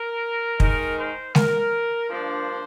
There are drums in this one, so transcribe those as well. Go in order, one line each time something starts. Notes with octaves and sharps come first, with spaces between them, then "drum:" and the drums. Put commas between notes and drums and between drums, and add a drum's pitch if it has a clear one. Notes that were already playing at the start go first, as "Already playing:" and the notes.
Already playing: A#4
D#3 G#3 D#4 A#4, drum: kick
C5
A#4, drum: snare G#3
G2 F3 A#3 D4 C5